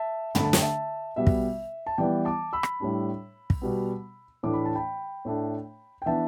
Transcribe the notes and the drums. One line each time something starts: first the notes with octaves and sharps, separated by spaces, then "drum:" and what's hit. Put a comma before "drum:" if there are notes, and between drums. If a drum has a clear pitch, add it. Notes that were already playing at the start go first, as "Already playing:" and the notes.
Already playing: E5 A5
D3 A3 D4 B5, drum: tom
A5
G5, drum: snare
E5 A5
B2 G3 B3 E5
drum: kick
A5
E3 G3 B3 D5 G5
A5 D6
B5 E6
drum: rim click
A2 G3 D4
drum: kick
B2 G3 B3
A2 E3 A3 D4 D6
B5
A5
G5 B5
A2 A3 D4
G5
E3 B3 D4 E5 A5